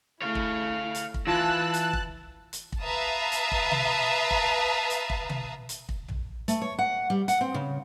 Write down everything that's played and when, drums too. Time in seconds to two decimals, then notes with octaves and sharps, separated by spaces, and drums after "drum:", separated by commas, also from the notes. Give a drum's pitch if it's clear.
0.22 A3 E4 C#5 F5
0.35 drum: kick
0.95 drum: hi-hat
1.14 drum: kick
1.27 E3 F4 A5 E6 F#6 A#6
1.74 drum: hi-hat
1.93 drum: kick
2.53 drum: hi-hat
2.72 drum: kick
2.83 B4 E5 F5 A5 A#5 D#6
3.32 drum: hi-hat
3.51 drum: kick
3.71 drum: tom B2
4.31 drum: kick
4.90 drum: hi-hat
5.10 drum: kick
5.29 drum: tom B2
5.69 drum: hi-hat
5.89 drum: kick
6.08 drum: tom
6.48 A3, drum: hi-hat
6.62 C#5
6.79 F#5
7.10 G3
7.28 F#5, drum: hi-hat
7.41 C4
7.54 C#3